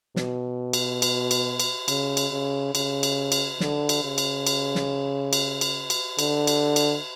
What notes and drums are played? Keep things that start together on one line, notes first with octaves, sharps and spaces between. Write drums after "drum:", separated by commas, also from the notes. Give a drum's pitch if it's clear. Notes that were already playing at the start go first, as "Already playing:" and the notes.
B2, drum: snare
drum: cymbal
drum: cymbal
drum: cymbal
drum: cymbal
C#3, drum: cymbal
drum: cymbal
C#3
C#3, drum: cymbal
drum: cymbal
drum: cymbal
D3, drum: snare
drum: cymbal
C#3
drum: cymbal
drum: cymbal
drum: snare
drum: cymbal
drum: cymbal
drum: cymbal
D3, drum: cymbal
drum: cymbal
drum: cymbal